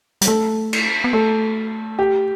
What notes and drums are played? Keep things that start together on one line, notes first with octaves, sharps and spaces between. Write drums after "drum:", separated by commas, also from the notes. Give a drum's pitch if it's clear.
G3, drum: hi-hat
A3 A4
drum: cymbal
B3
A3 A4
G4